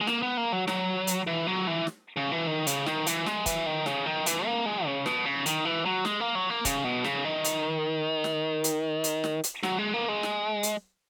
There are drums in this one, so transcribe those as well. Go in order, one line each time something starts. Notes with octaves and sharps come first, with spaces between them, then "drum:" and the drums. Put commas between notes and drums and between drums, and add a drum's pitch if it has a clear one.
G#3
A#3, drum: snare
B3
A#3
F#3
F#3, drum: snare
drum: hi-hat
E3
F#3
E3
drum: snare
C#3
E3
D#3
C#3, drum: hi-hat
D#3, drum: snare
E3, drum: hi-hat
G#3, drum: snare
E3, drum: kick, hi-hat
D#3
C#3, drum: snare
D#3
E3, drum: hi-hat
A#3
G#3
C#3
B2, drum: snare
C#3
D#3, drum: hi-hat
E3
F#3
G#3, drum: snare
A#3
F#3
A#3
C#3, drum: kick, hi-hat
B2
C#3, drum: snare
D#3
drum: hi-hat
drum: snare
drum: hi-hat
drum: hi-hat
drum: snare
drum: hi-hat
F#3, drum: snare
G#3
A#3
G#3
drum: snare
drum: hi-hat